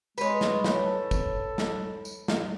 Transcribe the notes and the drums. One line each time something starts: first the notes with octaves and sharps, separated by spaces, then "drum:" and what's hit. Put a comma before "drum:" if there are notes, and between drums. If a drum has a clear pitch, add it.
G#3 B4 C#5, drum: tambourine
drum: snare
drum: snare
A4
drum: kick, tambourine
drum: snare
drum: tambourine
drum: snare